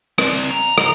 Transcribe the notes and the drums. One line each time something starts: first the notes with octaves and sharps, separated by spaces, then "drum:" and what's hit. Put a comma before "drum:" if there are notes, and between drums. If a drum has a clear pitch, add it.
C4 D5, drum: rim click
A#5
drum: rim click